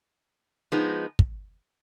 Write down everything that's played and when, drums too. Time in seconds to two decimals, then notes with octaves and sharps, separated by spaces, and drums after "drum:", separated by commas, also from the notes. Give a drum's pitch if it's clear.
0.72 F3 G#3 B3 D#4
1.19 drum: kick